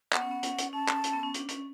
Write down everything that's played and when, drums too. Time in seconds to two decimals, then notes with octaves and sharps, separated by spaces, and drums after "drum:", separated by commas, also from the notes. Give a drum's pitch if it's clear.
0.13 B3 F#5, drum: clap
0.22 C#4
0.31 B3
0.43 C#4, drum: hi-hat
0.58 drum: hi-hat
0.73 C#4 A5
0.88 drum: clap
1.04 drum: hi-hat
1.13 B3
1.23 C#4
1.34 D4, drum: hi-hat
1.48 C#4, drum: hi-hat